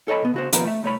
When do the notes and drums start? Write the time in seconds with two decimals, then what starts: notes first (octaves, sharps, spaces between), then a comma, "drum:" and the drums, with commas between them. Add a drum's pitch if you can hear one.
0.08 A4 C#5 D#5 A5 B5
0.22 B2 B3
0.34 C#3 F#4 C5
0.53 D#2 B2 F3 A#4 B4, drum: hi-hat
0.65 A3 E5
0.83 C2 A3 C#5 B5